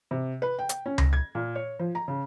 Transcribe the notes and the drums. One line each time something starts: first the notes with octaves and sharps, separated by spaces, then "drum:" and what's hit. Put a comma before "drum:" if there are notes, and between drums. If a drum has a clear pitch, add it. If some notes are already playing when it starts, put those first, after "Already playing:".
C3
B4
G5
drum: hi-hat
C#4
A#6, drum: tom C#2
G#6
A#2
C#5
F3
A#5
C#3